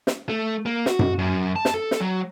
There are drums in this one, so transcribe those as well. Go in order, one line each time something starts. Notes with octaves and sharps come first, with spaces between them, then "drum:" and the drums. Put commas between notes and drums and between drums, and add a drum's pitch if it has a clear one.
drum: snare
A3
A#3
F#4, drum: snare
drum: tom F#2
F#2
A5
drum: snare
A4
drum: snare
F#3